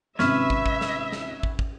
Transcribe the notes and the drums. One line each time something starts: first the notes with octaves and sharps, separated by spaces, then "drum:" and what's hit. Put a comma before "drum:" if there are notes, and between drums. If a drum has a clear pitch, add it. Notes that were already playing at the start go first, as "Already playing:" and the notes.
G#1 C3 C#4 B4 C#5 E5 F6, drum: snare
drum: kick
drum: kick
drum: snare
drum: snare
drum: kick
drum: kick